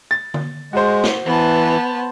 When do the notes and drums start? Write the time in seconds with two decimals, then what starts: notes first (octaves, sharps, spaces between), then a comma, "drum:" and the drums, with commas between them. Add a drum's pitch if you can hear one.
0.11 A6
0.34 drum: tom D3
0.73 G#3 F#4 C5
1.03 drum: snare
1.26 E3 B3 A5